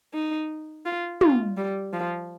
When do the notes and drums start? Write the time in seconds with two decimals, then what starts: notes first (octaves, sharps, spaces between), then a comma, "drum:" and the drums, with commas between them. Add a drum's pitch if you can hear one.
0.14 D#4
0.85 F4
1.21 F4, drum: tom
1.57 G3
1.93 F3